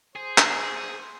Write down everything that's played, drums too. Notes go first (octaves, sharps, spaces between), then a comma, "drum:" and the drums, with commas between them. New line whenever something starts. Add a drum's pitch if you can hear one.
G#4 C5
drum: clap